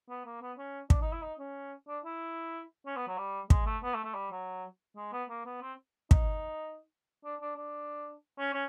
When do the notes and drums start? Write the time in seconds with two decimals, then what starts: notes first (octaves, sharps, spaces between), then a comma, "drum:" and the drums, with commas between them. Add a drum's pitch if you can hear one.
0.09 B3
0.25 A#3
0.41 B3
0.58 C#4
0.90 D4, drum: kick
1.02 D#4
1.12 E4
1.22 D#4
1.39 C#4
1.88 D4
2.05 E4
2.86 C#4
2.96 B3
3.07 F#3
3.18 G3
3.50 G#3, drum: kick
3.66 A3
3.83 B3
3.94 A3
4.05 A3
4.15 G3
4.31 F#3
4.96 G#3
5.12 B3
5.29 A#3
5.45 B3
5.62 C4
6.11 D#4, drum: kick
7.25 D4
7.41 D4
7.56 D4
8.39 C#4
8.54 C#4